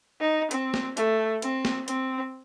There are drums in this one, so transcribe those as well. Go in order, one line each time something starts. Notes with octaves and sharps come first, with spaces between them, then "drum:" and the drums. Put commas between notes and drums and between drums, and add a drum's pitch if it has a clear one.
D#4
C4, drum: hi-hat
drum: snare
A3, drum: hi-hat
C4, drum: hi-hat
drum: snare
C4, drum: hi-hat